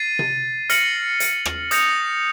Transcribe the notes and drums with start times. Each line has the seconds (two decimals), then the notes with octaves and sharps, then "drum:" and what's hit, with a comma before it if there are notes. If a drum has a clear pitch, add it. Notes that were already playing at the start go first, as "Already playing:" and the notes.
Already playing: A6 C7 D#7
0.19 drum: tom C3
0.70 F6 A#6 C#7 F#7, drum: hi-hat
1.20 drum: hi-hat
1.45 drum: rim click
1.71 D#6 G6 A#6 C#7 F7, drum: hi-hat